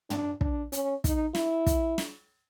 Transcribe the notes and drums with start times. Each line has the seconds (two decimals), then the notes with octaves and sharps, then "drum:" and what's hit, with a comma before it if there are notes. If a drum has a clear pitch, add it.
0.10 D4, drum: tom
0.41 D4, drum: kick
0.72 C#4, drum: hi-hat
1.04 D#4, drum: kick, hi-hat
1.35 E4, drum: snare
1.66 drum: kick, hi-hat
1.98 drum: snare